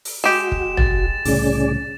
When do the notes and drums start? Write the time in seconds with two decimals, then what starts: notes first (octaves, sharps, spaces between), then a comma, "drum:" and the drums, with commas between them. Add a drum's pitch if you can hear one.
0.05 drum: open hi-hat
0.24 G#3 F#4 G4 E7
0.52 drum: kick
0.77 A6, drum: tom
1.25 C2 A2 C#3 C#4 G#4 D5, drum: open hi-hat